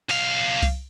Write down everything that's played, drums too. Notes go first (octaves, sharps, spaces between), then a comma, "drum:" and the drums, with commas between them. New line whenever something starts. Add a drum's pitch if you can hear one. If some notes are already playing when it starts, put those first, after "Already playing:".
B1 F5, drum: open hi-hat
drum: kick C2, open hi-hat